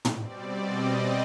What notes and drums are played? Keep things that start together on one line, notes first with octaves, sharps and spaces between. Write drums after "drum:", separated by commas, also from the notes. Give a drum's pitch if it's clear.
drum: tom
B2 G3 C4 D5
D#5